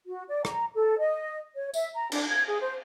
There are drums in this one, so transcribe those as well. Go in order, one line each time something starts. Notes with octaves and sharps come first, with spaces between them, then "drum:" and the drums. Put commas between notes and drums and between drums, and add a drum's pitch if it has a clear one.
F#4
D5
A#5, drum: rim click
A4
D#5
C#5
E5, drum: tambourine
A#5
D4, drum: cymbal
G#6
G#4
C5